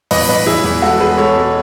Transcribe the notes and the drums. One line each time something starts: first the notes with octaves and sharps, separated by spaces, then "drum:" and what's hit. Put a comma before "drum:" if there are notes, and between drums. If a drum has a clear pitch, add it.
E2 B4 D#5, drum: open hi-hat
E2 B4 D#5
E2 E4 G#4
E2
G#3 F#4 A4
G#3 G#4 B4
G#3 A4 C#5
B2